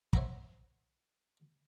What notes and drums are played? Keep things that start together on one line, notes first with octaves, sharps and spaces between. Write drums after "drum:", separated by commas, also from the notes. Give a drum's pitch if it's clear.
C5 C#5 E5 F#5 A#5 B5, drum: kick